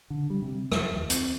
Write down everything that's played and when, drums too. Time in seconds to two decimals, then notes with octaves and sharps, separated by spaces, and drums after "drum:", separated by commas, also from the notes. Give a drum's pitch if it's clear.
0.10 D3
0.30 G3
0.42 C3
0.72 F2, drum: rim click
0.94 D#2
1.10 C4, drum: hi-hat